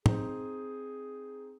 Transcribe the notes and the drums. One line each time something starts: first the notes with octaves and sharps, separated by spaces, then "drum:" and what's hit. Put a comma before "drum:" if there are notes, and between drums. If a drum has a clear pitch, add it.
C4 D#4 G#4, drum: tom